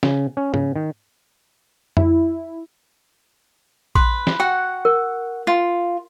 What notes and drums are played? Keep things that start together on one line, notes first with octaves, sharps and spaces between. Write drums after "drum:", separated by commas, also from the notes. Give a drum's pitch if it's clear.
C#3, drum: snare
C#4
C#3, drum: tom G#2
D#3
E4, drum: tom F2
B4 C6, drum: kick A#1
drum: snare
F#4 F#5 G5
A#4
F4